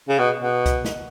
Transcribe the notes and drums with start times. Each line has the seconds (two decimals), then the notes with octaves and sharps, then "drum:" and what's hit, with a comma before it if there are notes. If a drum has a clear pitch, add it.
0.08 C#3
0.19 B2
0.40 B2
0.66 drum: kick, hi-hat
0.85 drum: snare